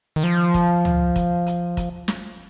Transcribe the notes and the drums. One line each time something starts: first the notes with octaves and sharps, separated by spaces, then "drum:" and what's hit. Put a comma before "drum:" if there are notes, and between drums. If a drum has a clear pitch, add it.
D#3
F3, drum: hi-hat
drum: kick, hi-hat
drum: tom C#2
drum: kick, hi-hat
drum: hi-hat
drum: kick, hi-hat
drum: snare